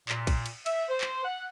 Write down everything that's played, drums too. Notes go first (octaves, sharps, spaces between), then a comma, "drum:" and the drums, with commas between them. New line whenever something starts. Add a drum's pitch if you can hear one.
A#2, drum: clap
drum: kick, cymbal
drum: cymbal
E5, drum: cymbal
C5
drum: clap
F#5